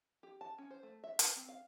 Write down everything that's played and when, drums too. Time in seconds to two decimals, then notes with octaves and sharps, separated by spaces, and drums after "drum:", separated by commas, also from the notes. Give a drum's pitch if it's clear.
0.23 G4
0.41 A5
0.58 C#4
0.71 C5
0.83 A3
1.04 E5
1.19 B4, drum: hi-hat
1.36 C4
1.49 F5